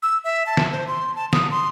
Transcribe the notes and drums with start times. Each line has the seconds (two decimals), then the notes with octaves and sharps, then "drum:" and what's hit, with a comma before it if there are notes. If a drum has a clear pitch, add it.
0.03 E6
0.24 E5
0.46 A5
0.57 drum: snare
0.72 C5
0.87 C6
1.16 A5
1.33 D#6, drum: snare
1.51 C6